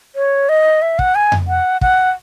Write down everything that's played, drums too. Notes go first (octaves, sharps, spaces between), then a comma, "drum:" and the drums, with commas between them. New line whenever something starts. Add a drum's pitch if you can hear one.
C#5
D#5
E5
F#5, drum: kick
G#5
drum: tom F2
F#5
F#5, drum: kick